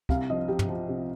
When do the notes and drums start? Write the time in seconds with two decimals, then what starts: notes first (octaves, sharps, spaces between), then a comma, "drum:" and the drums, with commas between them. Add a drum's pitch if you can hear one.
0.09 C2 F5, drum: kick
0.30 F3 D#5
0.48 F3 G4
0.59 drum: tom
0.69 F3
0.88 C3